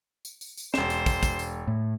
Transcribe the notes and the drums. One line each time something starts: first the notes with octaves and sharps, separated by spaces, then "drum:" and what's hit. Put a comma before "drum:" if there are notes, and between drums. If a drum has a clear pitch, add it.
drum: tambourine
drum: tambourine
drum: tambourine
E1 C5 E7, drum: snare
drum: tambourine
drum: kick, tambourine
drum: kick, tambourine
drum: tambourine
A2